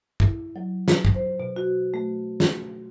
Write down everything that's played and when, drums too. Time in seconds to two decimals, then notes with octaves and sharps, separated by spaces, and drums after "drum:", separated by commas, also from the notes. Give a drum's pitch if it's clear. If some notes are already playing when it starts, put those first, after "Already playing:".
0.20 E4, drum: kick
0.56 F#3
0.88 drum: snare
1.05 drum: kick
1.15 C5
1.40 B2
1.56 F#4
1.94 A3
2.40 drum: snare